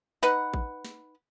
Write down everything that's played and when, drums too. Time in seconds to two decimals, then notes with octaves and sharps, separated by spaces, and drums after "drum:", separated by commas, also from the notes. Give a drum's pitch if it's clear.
0.23 D#4 B4 F#5, drum: snare
0.54 drum: kick A1
0.85 drum: snare